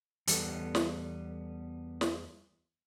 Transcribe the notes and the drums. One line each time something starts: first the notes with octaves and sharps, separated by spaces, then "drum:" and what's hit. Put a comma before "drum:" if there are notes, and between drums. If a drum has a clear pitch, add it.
E2 G3 B3 A4, drum: hi-hat
drum: snare
drum: snare